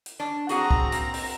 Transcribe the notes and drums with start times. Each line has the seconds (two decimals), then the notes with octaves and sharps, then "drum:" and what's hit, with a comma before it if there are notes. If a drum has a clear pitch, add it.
0.06 drum: hi-hat
0.19 C#4 D4
0.49 C4 F#4 G#4 F#5 A#5, drum: hi-hat
0.71 drum: kick B1
0.92 A#3, drum: hi-hat
1.14 drum: open hi-hat